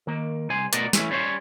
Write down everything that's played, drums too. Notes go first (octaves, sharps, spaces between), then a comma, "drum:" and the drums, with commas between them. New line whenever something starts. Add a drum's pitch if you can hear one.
D#3 A#3
C2 C5 G#5
B2 A3 B3 F#4 A#4 D5, drum: hi-hat
E3 A3 C#4, drum: snare
G3 C#4 C5 C#5